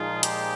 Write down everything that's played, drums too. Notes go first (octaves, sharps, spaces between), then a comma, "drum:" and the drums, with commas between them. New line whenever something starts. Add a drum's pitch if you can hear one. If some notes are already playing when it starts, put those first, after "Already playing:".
Already playing: A#2 F3 G#3 D#4 F4 G#4
G4, drum: hi-hat